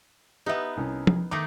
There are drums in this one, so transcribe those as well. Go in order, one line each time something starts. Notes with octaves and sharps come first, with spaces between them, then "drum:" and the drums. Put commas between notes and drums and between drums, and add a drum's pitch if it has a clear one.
B3 D#4 G4 B4 E5
C2 C#4
drum: tom F3
D#3 A3 D#4 D6